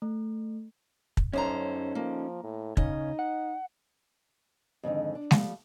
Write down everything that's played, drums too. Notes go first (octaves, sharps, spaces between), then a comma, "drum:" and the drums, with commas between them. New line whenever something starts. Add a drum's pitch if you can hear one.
A3
drum: kick
F#2 C#4 D#4 A4 C5 A#5
F3 A#3
A2
C#3 C#4 D#4 D#5, drum: kick
F#5
F2 G#2 D3 D#3
D4
F3 G3 A3, drum: snare G#3